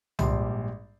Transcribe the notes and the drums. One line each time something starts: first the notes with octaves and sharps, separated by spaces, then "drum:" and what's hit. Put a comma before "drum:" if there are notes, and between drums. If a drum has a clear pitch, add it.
A#1 G#2 G3 D5 C6, drum: tom C2